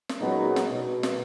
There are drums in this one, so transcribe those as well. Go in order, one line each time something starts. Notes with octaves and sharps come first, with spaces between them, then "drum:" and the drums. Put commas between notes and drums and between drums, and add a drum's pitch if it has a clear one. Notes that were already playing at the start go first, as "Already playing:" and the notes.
drum: snare
A#2 F#3 G#3 B3 C#4 D#4
drum: snare
B2
drum: snare